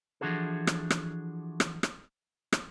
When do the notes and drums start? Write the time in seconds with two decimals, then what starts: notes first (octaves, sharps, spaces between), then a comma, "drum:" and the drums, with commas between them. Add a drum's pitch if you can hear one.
0.21 E3 F3 D4 F#4 G#4 A4
0.67 drum: rim click
0.90 drum: rim click
1.60 drum: rim click
1.83 drum: rim click
2.53 drum: rim click